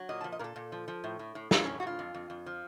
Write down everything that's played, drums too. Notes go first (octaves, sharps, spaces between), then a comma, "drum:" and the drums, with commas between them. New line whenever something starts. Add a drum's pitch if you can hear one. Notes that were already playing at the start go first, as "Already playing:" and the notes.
Already playing: F#3
A#2 D#5
F3 A5
D#5
A#2 A4 A#4
A#2
F3
F3
A2
A2
A2
A2 F4, drum: snare
A2 C#4
F#4
A2 F4
F2
F2
F2
F3